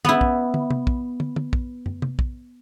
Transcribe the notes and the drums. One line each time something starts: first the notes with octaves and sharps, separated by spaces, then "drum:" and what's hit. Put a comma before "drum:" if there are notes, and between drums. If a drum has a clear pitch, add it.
B3 E4, drum: tom
drum: kick
drum: tom
drum: tom C3
drum: kick
drum: tom
drum: tom
drum: kick
drum: tom
drum: tom C3
drum: kick